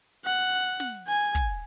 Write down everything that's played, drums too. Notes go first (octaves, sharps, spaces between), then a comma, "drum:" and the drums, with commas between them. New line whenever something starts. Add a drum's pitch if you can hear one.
F#5
drum: snare
G#5
drum: kick